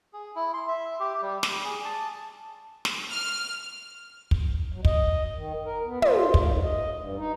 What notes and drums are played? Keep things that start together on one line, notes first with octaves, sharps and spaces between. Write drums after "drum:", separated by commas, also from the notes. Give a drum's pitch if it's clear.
G#4
E4
C6
E5
G4
G3
D6, drum: snare
G#4
A5
drum: snare
F6
drum: kick
F#3
D#5, drum: kick
D#3
A#4
B3
F4, drum: tom
A3, drum: kick
G#2
D#5
G2
D#4